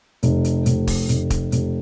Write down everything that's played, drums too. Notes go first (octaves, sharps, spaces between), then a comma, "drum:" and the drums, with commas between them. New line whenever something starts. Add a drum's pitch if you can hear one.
F1, drum: hi-hat
drum: hi-hat
F1, drum: hi-hat
drum: kick, open hi-hat
F1, drum: hi-hat
drum: kick, hi-hat
F1, drum: hi-hat